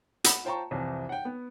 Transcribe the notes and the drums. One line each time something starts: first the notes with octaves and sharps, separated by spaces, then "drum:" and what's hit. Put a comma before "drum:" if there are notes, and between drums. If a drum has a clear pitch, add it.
F#5 B5 E7, drum: hi-hat
F4 C5 G5 A5 A#5 C#6
C2 F2 E3
F#5 G5
B3